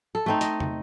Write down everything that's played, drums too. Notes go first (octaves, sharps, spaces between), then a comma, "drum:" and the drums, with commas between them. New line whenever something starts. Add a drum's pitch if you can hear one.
A4
A3 C4 D#4
D#5, drum: hi-hat
drum: tom